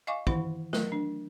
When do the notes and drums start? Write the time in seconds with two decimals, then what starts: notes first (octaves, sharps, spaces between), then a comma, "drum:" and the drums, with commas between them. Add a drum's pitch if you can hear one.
0.07 D#5 F5 G#5 C#6 D6
0.27 D#3 E3 E4 F#5 B5 C6, drum: kick
0.73 F#3 A3 A#4, drum: snare
0.92 D4